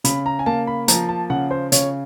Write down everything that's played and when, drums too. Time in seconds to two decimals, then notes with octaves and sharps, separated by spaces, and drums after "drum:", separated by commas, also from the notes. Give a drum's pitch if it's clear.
0.04 C#3 B5, drum: hi-hat
0.26 A#5
0.39 G#5
0.46 A#3 A5
0.67 B5
0.88 F3 A#5, drum: hi-hat
1.09 A5
1.30 C#3 F#5
1.51 C5
1.72 C#3 C#5, drum: hi-hat